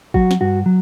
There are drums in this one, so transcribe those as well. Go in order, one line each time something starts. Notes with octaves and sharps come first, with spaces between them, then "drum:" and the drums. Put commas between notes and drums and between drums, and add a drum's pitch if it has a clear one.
F#3 F#4, drum: kick G#1
drum: snare
G2 F#4
F#3